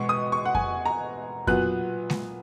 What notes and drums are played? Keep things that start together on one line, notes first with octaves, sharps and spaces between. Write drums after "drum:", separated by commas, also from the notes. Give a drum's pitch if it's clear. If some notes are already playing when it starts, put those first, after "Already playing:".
Already playing: B2 G#3 B3 C#6
D#6
C#6
F#5
G#5, drum: kick F2
A#5
A#2 F#3 B3 F#6, drum: kick F2
drum: snare G#3